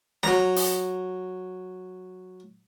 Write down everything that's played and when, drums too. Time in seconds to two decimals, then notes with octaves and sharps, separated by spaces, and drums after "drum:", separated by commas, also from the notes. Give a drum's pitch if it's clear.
0.23 F#3 A#5, drum: snare
0.56 drum: open hi-hat